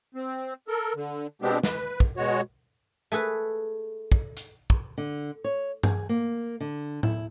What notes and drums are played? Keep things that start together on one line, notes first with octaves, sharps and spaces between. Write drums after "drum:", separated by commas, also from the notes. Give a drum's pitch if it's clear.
C4
A4 A#4
D3
B2 G#3 B3 C4 D4 G4
B4, drum: snare
drum: kick
B2 G#3 F#4 C#5
A3 G#4 A4 B4
drum: kick
drum: hi-hat
drum: kick
D3
C#5
G#4, drum: tom G2
A#3
D3
E4, drum: tom A2